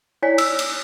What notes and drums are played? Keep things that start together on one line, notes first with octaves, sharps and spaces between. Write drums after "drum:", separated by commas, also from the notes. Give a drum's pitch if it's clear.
E4 C#5 D5 G#5 B6
E6, drum: cymbal
drum: cymbal